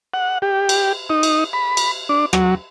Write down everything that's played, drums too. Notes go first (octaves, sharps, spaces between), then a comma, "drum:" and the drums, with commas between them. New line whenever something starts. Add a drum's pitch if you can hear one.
F#5
G4
drum: cymbal
D#4
drum: cymbal
B5
drum: cymbal
D4
F#3, drum: rim click